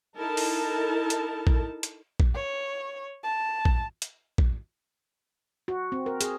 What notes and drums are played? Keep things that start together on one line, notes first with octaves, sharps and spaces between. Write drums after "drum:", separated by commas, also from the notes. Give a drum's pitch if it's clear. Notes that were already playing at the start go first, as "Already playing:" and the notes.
D#4 E4 A4 A#4 A5
drum: open hi-hat
drum: hi-hat
drum: kick
drum: hi-hat
drum: kick
C#5
A5
drum: kick
drum: hi-hat
drum: kick
F#4
C4
A#4
G#4, drum: hi-hat